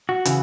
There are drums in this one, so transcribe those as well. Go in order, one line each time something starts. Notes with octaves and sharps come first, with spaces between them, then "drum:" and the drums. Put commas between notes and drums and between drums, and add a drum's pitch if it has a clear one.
F#4
C#3 E3, drum: hi-hat